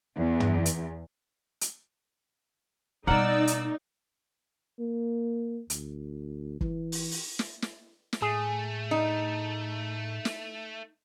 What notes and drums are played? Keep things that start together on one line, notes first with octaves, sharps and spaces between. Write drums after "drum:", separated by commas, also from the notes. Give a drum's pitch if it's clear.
E2
drum: tom
drum: hi-hat
drum: hi-hat
B2 G3 A#3 D#4 D5 F#5 E6
drum: hi-hat
A#3
D2, drum: hi-hat
E3, drum: kick F#1
drum: open hi-hat
drum: open hi-hat
drum: snare
drum: snare
drum: snare
A2 A3 G#4
D#4
drum: snare